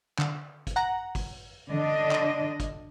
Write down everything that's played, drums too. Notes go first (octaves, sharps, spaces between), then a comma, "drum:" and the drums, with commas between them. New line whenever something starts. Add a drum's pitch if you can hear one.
D3, drum: clap
drum: kick, hi-hat
F#5 A#5
drum: kick, open hi-hat
D3 D4 D#5
drum: clap
drum: kick, hi-hat